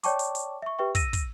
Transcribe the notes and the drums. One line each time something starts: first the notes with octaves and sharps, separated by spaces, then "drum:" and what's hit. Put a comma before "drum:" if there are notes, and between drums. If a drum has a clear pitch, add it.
C#5 D5 G5 A5 C#6 D6, drum: hi-hat
drum: hi-hat
drum: hi-hat
E5 C#6
G4 B4 E5 G5 C#6
E6 A#6 D#7, drum: kick, hi-hat
drum: kick, hi-hat